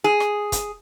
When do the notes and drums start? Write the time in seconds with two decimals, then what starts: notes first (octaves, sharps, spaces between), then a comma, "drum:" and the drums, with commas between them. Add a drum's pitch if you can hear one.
0.04 G#4
0.20 drum: rim click
0.52 drum: kick, hi-hat